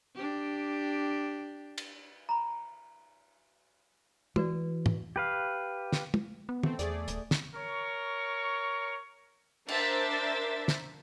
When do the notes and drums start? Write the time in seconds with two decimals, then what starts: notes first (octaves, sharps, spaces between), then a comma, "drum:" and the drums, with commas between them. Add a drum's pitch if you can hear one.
0.15 D4 G4
1.78 drum: cymbal
2.29 A#5 B5
4.36 E3 F#4 B4 D5, drum: tom
4.86 drum: tom
5.16 G4 B4 F5
5.93 drum: snare
6.14 drum: tom
6.49 B3
6.63 A3 C4, drum: tom
6.79 E2 A3 G#4 D5, drum: hi-hat
7.08 D#1, drum: hi-hat
7.31 drum: snare
7.55 A#4 C#5 C#6
9.68 D4 A#4 C5 E5 A6, drum: cymbal
10.68 drum: snare